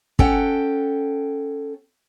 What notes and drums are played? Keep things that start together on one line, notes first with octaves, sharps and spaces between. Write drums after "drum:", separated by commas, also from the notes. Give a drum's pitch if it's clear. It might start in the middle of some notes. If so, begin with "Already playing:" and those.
C#4 A4 F#5 G5, drum: kick